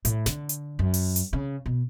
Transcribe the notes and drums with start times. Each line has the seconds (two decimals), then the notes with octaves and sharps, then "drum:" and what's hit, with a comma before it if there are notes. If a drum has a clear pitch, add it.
0.05 A2, drum: hi-hat
0.26 D3, drum: snare
0.49 drum: hi-hat
0.79 F#2
0.94 drum: open hi-hat
1.16 drum: hi-hat
1.33 C#3
1.66 B2